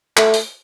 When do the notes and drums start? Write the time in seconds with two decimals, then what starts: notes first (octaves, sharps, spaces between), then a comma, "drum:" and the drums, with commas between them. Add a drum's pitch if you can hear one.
0.17 A3, drum: clap
0.34 drum: open hi-hat